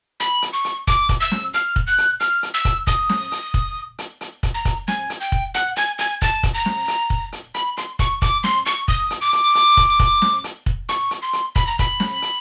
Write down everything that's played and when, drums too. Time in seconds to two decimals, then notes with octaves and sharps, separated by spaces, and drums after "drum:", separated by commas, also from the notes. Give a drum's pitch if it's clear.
0.20 B5, drum: hi-hat
0.42 drum: hi-hat
0.53 C#6
0.65 drum: hi-hat
0.87 D6, drum: kick, hi-hat
1.09 drum: kick, hi-hat
1.20 E6
1.31 drum: snare
1.54 F6, drum: hi-hat
1.76 drum: kick
1.87 F#6
1.98 drum: hi-hat
2.20 F6, drum: hi-hat
2.43 drum: hi-hat
2.54 E6
2.65 drum: kick, hi-hat
2.87 D#6, drum: kick, hi-hat
3.09 drum: snare
3.32 drum: hi-hat
3.54 drum: kick
3.99 drum: hi-hat
4.21 drum: hi-hat
4.43 drum: kick, hi-hat
4.54 A#5
4.65 drum: kick, hi-hat
4.88 G#5, drum: snare
5.10 drum: hi-hat
5.20 G5
5.32 drum: kick
5.54 F#5, drum: hi-hat
5.76 G#5, drum: hi-hat
5.99 G#5, drum: hi-hat
6.22 A5, drum: kick, hi-hat
6.43 drum: kick, hi-hat
6.54 A#5
6.66 drum: snare
6.88 drum: hi-hat
7.10 drum: kick
7.32 drum: hi-hat
7.54 B5, drum: hi-hat
7.77 C6, drum: hi-hat
7.99 C#6, drum: kick, hi-hat
8.22 D6, drum: kick, hi-hat
8.44 C6, drum: snare
8.66 C#6, drum: hi-hat
8.88 D#6, drum: kick
9.10 drum: hi-hat
9.21 D6
9.33 drum: hi-hat
9.55 drum: hi-hat
9.77 drum: kick, hi-hat
10.00 drum: kick, hi-hat
10.22 drum: snare
10.44 drum: hi-hat
10.66 drum: kick
10.89 C#6, drum: hi-hat
11.11 drum: hi-hat
11.22 C6
11.33 drum: hi-hat
11.56 B5, drum: kick, hi-hat
11.67 A#5
11.79 B5, drum: kick, hi-hat
12.00 drum: snare
12.22 drum: hi-hat